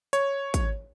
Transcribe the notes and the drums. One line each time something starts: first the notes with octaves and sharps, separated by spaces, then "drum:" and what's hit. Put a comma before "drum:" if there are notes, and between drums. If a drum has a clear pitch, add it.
C#5, drum: hi-hat
drum: kick, hi-hat